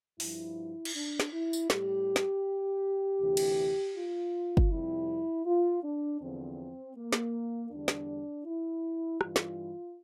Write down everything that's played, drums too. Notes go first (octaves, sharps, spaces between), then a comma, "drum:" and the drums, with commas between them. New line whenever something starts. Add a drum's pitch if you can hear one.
G2 F3 E4, drum: open hi-hat
drum: cymbal
D4
drum: snare
E4
drum: tambourine
A2 G3 G4, drum: snare
drum: snare
D2 C3 E3
drum: cymbal
F4
drum: kick F#1
F2 C3 G3 E4
F4
D4
E2 D3 F3 C4
A#3
drum: snare
E2 D3 G3 D4
drum: snare
E4
G2 E3 G3 F4, drum: rim click
drum: snare